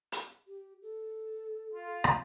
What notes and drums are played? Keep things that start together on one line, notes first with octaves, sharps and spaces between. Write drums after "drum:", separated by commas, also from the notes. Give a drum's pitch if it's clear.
drum: hi-hat
G4
A4
F4
drum: rim click